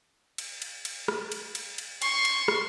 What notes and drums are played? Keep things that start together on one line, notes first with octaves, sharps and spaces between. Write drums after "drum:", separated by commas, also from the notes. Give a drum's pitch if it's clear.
drum: cymbal
drum: cymbal
drum: cymbal
drum: rim click
drum: cymbal
drum: cymbal
drum: cymbal
C6 C#6, drum: cymbal
drum: cymbal
drum: rim click